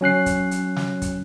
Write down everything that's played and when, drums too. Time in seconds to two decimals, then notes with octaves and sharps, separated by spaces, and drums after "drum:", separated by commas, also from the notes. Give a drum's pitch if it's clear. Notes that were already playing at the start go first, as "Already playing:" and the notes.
0.01 F#3 C#4 F#6 C7
0.26 drum: kick, hi-hat
0.51 drum: hi-hat
0.76 drum: snare
1.02 drum: kick, hi-hat